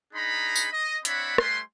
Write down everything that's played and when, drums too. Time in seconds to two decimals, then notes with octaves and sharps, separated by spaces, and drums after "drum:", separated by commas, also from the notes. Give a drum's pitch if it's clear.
0.14 D4 D#4 G#4 A#5 B5
0.56 drum: tambourine
0.72 D#5
1.05 C4 D4 C#5 E5 F#5 B5, drum: hi-hat
1.38 G3 A3 B4 G#5 C6, drum: rim click